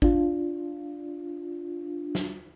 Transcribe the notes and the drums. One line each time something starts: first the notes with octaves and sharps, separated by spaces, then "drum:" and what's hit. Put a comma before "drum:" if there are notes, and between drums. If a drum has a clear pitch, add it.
D4 F4, drum: kick G#1
drum: snare